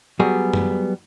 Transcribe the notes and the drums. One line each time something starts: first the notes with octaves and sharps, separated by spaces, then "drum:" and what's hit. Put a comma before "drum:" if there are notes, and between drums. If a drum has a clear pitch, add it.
F#3 G3 B3 G#4
drum: tom F#2